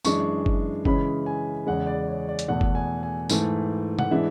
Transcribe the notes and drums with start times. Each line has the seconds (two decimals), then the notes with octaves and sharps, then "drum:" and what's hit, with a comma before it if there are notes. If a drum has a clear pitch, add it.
0.04 F#2 E3 G#3 D4 C#6, drum: tambourine
0.46 drum: kick F#1
0.85 C#3 E3 G#3 C#4 B5, drum: kick F#1
1.26 G#5
1.67 E2 C#3 G#3 F#5
1.87 D5
2.08 C#5
2.29 D5
2.39 drum: hi-hat
2.48 E2 B2 A3 F#5
2.61 drum: kick F#1
2.75 G#5
3.03 G#5
3.30 G#2 E3 A3, drum: tambourine
3.99 F#5, drum: tom
4.11 E3 G#3 D4 E5